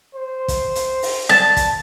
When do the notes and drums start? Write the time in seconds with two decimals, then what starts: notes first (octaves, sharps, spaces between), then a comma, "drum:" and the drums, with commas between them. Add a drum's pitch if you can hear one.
0.15 C5
0.48 drum: kick, hi-hat
0.75 drum: hi-hat
1.02 drum: open hi-hat
1.29 D5 A5, drum: snare C4
1.57 drum: kick, hi-hat